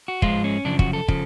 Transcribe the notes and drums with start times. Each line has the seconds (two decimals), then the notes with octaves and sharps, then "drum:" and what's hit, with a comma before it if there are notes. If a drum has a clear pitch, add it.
0.08 F#4
0.22 G#2 F3 G#3 F4, drum: kick
0.44 C#4
0.65 F#2 C#3 F3 D4
0.79 F#4, drum: kick
0.93 A4
1.08 C#3 F3, drum: kick